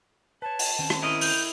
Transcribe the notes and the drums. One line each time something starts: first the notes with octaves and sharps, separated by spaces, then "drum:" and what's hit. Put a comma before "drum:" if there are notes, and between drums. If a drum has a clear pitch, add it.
B4 C#5 A5
drum: open hi-hat
D#3 C4 C#4
drum: rim click
E4 A#4 D#5
G6, drum: open hi-hat